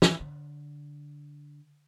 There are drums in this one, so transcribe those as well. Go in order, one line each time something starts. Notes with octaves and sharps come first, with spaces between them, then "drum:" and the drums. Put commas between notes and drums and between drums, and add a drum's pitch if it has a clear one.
D3, drum: snare
E3
D3